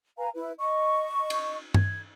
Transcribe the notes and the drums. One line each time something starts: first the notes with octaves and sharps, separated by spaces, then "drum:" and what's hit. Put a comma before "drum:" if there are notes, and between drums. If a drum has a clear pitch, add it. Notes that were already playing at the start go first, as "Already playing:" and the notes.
B4 F5 G#5 A#5
E4 B4
D#5 C#6
drum: cymbal
G#6, drum: tom G2